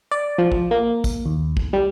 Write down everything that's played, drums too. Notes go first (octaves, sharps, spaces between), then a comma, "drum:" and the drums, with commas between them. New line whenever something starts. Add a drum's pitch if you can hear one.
D5
F3
drum: kick
A#3
drum: kick, tambourine
D#2
drum: kick
G3